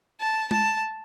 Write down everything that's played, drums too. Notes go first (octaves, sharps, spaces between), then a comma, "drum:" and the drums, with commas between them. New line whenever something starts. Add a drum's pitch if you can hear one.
A5
A5, drum: tom G#3